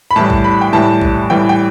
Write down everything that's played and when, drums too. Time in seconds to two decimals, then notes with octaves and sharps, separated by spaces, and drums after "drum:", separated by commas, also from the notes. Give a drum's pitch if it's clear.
0.11 B5
0.16 A2 E3 G3 A5
0.30 drum: kick A#1
0.44 B5
0.61 G5
0.72 A2 E3 G3 A5
1.02 drum: kick A#1
1.30 A2 E3 G3 G5
1.49 G5